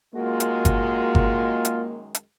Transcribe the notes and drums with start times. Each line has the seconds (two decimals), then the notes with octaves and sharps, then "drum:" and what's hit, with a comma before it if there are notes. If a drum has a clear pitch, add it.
0.15 F#2 D#3 G#3 A#3 F4 F#4
0.40 drum: hi-hat
0.65 drum: kick G1, hi-hat
1.15 drum: kick G1
1.65 drum: hi-hat
2.15 drum: hi-hat